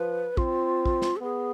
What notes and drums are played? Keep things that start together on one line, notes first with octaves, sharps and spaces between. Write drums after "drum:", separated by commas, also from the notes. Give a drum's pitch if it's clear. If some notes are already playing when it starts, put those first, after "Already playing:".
Already playing: F3 B4
C4 F4, drum: kick
drum: kick
drum: snare
A4
B3 G#4